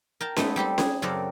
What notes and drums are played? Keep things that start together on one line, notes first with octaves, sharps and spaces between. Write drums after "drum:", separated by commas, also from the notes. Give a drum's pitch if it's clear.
A#4 G5 A5
G#3 A3 B3 D#4 A4, drum: snare C#4
G3 C4 G4 A4
G#4, drum: snare C#4
F#2 C#3 C4 A4 A#4 D5